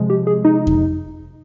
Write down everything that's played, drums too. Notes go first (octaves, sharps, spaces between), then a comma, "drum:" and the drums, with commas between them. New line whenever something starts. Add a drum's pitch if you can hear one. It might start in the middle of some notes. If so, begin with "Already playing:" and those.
Already playing: C3 F3 G#3
G4
G#4
D#4
drum: kick F2